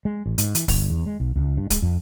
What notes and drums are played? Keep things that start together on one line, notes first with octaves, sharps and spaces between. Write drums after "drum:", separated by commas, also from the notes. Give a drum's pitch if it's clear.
G#3
A1
G#2, drum: hi-hat
E3, drum: hi-hat
G1, drum: kick C#1, open hi-hat
E2
G#3
B1
C#2
G2
G#3, drum: kick C#1, hi-hat
F2